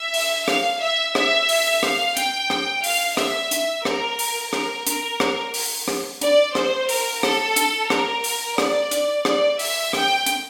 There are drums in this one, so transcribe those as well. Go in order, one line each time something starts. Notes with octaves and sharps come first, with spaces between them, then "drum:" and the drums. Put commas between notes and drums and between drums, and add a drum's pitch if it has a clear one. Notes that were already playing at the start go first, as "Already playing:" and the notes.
Already playing: E5
drum: open hi-hat
F5, drum: rim click
E5
E5, drum: rim click
drum: open hi-hat
F5, drum: rim click
G5, drum: hi-hat
drum: rim click
F5, drum: open hi-hat
E5, drum: rim click
drum: hi-hat
A#4, drum: rim click
drum: open hi-hat
A#4, drum: rim click
A#4, drum: hi-hat
drum: rim click
drum: open hi-hat
drum: rim click
D5, drum: hi-hat
C5, drum: rim click
A#4, drum: open hi-hat
A4, drum: rim click
drum: hi-hat
A#4, drum: rim click
drum: open hi-hat
D5, drum: rim click
drum: hi-hat
D5, drum: rim click
E5, drum: open hi-hat
G5, drum: rim click
drum: hi-hat